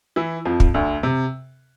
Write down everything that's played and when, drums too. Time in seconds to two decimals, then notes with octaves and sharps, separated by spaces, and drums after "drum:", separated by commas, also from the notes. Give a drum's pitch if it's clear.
0.16 E3 E4
0.45 F2 F3
0.60 drum: kick
0.74 D2 D3
1.03 C3